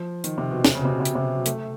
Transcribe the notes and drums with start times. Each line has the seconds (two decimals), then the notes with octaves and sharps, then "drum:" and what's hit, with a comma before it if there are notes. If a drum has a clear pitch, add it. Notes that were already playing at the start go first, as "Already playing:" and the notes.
Already playing: F3
0.24 D#3, drum: hi-hat
0.38 C3
0.51 B2
0.65 C3, drum: snare
0.75 C#3
0.80 B2
0.85 C3
0.95 B2
1.00 C3
1.05 B2, drum: hi-hat
1.15 C3
1.35 F#3
1.46 A3, drum: hi-hat